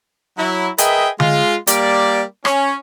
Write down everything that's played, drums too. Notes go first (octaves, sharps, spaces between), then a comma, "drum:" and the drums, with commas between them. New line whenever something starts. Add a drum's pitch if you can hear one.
F#3 E4
G#4 A#4 B4 D#5 E5 G5, drum: hi-hat
G#3 F4, drum: tom D3
G3 A#3 A#4 D5, drum: hi-hat
C#4, drum: rim click